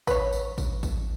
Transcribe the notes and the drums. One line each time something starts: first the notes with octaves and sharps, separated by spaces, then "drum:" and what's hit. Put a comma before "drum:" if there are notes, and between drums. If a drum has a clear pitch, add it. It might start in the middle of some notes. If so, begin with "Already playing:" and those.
B4 C#5, drum: kick A1, tambourine
drum: tambourine
drum: kick A1, tambourine
drum: kick A1, tambourine